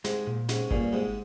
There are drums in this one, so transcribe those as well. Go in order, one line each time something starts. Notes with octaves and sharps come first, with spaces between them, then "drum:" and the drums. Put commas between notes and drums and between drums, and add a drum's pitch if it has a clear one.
G#2 C3 G#3, drum: snare
A#2
G#2 C3 C#4, drum: snare
G2 A#2 G#4, drum: kick G1
G#2 C3 G#3